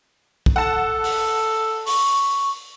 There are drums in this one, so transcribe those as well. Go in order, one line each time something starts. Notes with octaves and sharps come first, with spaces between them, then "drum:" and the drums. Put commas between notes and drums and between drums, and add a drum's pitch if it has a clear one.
drum: kick
A4 F#5 A5
drum: open hi-hat
C#6, drum: open hi-hat